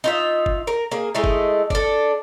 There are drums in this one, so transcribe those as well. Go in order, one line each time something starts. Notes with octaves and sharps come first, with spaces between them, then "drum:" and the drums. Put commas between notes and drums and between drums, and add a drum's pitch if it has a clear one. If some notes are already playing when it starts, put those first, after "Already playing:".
D#4 F4 E5
drum: kick F#1
A#4
A#3 G#4
G#3 A3 D#4 E4
drum: kick F#1
D4 A4, drum: kick F#1